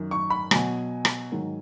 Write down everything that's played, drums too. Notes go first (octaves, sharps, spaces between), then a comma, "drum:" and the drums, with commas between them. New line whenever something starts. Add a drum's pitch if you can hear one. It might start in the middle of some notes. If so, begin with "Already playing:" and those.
Already playing: F#2 D#3 F#3
C#6
B5
B2 F#3 G#5, drum: rim click
drum: rim click
G#2 D#3 F#3